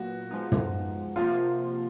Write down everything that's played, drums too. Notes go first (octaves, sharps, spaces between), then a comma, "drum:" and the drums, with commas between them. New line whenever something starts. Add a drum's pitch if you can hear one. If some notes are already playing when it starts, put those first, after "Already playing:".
Already playing: A#2 F#3 B3 F#4
F3 G#3 B3 D#4
drum: tom
C3 F3 A#3 F4